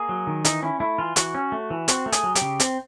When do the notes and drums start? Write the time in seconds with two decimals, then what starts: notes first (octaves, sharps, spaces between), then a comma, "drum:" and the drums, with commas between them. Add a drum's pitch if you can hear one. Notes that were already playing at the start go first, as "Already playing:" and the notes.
Already playing: A#3 G#4
0.09 F#3
0.27 D#3
0.45 E3 D#4, drum: hi-hat
0.63 C#4 E4
0.80 A3 E4
0.98 E3 F4
1.16 E3 F#4, drum: hi-hat
1.35 C#4
1.52 A3
1.71 E3
1.88 C4 F#4, drum: hi-hat
2.06 A3
2.12 G#4, drum: hi-hat
2.24 F#3
2.35 G4, drum: hi-hat
2.41 C#3
2.60 C4, drum: hi-hat